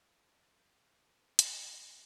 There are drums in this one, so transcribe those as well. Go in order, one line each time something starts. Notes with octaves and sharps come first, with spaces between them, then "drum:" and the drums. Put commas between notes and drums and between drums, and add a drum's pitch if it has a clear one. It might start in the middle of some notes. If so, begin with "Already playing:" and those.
Already playing: F3 C4 F4
A#4
G#4
F3 C4 F4 A#4
C5
drum: hi-hat